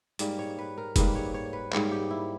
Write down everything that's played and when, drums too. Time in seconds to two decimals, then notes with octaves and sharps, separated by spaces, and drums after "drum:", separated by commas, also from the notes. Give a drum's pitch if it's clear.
0.19 G#2 G3 A#3, drum: hi-hat
0.39 C#5
0.59 B4
0.78 A#4
0.96 G#2 G3 A#3 B4, drum: kick F1, hi-hat
1.15 C#5
1.34 C#5
1.53 B4
1.73 G#2 G3 A#3 C#5, drum: clap
1.92 G4
2.11 E4